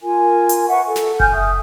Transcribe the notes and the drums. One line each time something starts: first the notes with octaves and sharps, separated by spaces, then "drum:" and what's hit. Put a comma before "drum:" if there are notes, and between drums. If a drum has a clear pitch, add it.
F4 A#4 G#5
drum: hi-hat
B4 E5 F#5 C#6
A4
drum: snare
G5 G#5 F6 G6, drum: kick F#1
E5 D#6